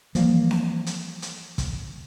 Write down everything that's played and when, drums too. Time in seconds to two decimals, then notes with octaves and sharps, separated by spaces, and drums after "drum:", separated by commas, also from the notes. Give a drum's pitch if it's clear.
0.15 E3 F3 G3 A#3, drum: hi-hat
0.51 drum: snare C4
0.86 drum: hi-hat
1.22 drum: hi-hat
1.58 drum: kick, hi-hat